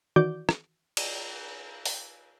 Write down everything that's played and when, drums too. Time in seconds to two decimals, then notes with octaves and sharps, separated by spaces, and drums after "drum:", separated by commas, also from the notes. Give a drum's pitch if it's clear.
0.16 D#3 E3 F#4 D5 D6 G6
0.49 drum: rim click
0.97 drum: cymbal
1.86 drum: open hi-hat